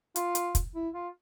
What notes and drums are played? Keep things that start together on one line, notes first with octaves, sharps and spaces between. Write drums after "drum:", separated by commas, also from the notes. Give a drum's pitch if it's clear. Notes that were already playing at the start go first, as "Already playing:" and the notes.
F4, drum: hi-hat
drum: hi-hat
drum: kick, hi-hat
E4
F4